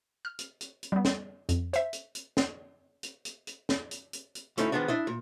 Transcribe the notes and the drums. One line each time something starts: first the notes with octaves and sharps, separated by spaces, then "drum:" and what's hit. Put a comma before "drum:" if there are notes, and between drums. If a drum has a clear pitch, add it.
F6
drum: hi-hat
drum: hi-hat
drum: hi-hat
G3 B3
drum: snare
F2, drum: hi-hat
C5 E5, drum: hi-hat
drum: hi-hat
drum: hi-hat
drum: snare
drum: hi-hat
drum: hi-hat
drum: hi-hat
drum: snare
drum: hi-hat
drum: hi-hat
drum: hi-hat
D2 A3 C#4 D#4 E4, drum: hi-hat
D#3 F3 G#3 B3 D4
D4 E4 D#5
A#2